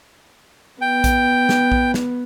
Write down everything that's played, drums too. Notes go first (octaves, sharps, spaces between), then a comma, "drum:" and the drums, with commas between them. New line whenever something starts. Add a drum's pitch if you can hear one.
B3 G5
drum: kick A#1, hi-hat
drum: snare
drum: kick A#1
drum: snare